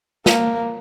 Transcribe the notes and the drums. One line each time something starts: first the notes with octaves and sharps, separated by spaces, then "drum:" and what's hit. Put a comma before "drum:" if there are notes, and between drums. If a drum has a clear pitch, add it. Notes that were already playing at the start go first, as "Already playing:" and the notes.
A#3, drum: snare